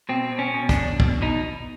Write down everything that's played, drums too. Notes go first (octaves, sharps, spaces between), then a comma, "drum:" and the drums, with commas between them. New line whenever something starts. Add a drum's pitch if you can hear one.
B2 C4
B2
C#4
B2
D4, drum: kick, hi-hat
B2
B2, drum: kick
B2 D#4